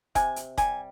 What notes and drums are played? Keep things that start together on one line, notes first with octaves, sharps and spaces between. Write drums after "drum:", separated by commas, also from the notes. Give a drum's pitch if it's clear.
C3 G#5, drum: kick F1, hi-hat
drum: hi-hat
G3 G#5, drum: kick F1, hi-hat